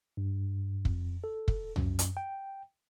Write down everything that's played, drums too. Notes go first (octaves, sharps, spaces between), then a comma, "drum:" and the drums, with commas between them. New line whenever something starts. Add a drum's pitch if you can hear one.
G2
F2, drum: kick
A4
drum: kick
F#2, drum: tom
drum: hi-hat
G5